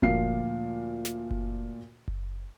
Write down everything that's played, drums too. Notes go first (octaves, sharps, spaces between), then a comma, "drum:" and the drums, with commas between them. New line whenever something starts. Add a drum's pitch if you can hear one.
D2 A#2 F3 A#3 F5 C7, drum: kick F#1
drum: snare
drum: kick F#1
drum: kick F#1